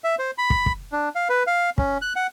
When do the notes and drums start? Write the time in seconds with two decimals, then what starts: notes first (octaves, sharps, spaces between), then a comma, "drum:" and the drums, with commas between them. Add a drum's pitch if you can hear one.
0.04 E5
0.19 C5
0.38 B5
0.50 drum: kick
0.66 drum: kick
0.92 D4
1.15 F5
1.29 B4
1.47 F5
1.78 C#4, drum: kick
2.02 F#6
2.16 F#5